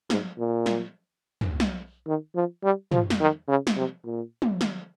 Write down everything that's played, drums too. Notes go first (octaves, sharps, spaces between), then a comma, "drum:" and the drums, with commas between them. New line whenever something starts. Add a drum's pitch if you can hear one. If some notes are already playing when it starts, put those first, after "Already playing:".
G#2, drum: snare
A#2
drum: snare
drum: tom
drum: snare
D#3
F3
G3
F3, drum: tom
drum: snare
D#3
C#3
drum: snare
C3
A#2
drum: tom
drum: snare